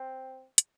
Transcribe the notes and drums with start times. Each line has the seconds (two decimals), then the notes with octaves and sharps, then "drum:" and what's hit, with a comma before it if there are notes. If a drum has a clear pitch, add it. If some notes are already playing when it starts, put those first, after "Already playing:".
Already playing: C4
0.58 drum: hi-hat